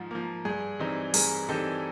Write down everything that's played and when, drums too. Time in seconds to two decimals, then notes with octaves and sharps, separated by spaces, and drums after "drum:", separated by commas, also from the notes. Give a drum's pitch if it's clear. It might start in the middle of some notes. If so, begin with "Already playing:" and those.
Already playing: G#2 F3
0.11 F3 A#3
0.45 G2 G#4
0.79 E3 G3 C4 D#4
1.14 G2 G#4 A#4, drum: open hi-hat
1.49 E3 G3 C4 D#4 G4 A4